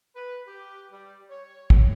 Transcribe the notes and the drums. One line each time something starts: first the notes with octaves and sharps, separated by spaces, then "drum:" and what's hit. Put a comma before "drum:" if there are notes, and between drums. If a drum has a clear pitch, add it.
B4
G4
G3
C#5
drum: kick